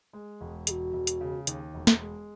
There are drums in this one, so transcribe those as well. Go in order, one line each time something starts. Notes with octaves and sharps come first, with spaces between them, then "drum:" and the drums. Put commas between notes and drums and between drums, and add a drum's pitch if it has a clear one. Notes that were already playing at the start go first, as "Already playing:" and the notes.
G#3
E1
E1 F#4 G#4, drum: hi-hat
E1
drum: hi-hat
C#3
D#2, drum: hi-hat
E1
drum: snare
G#3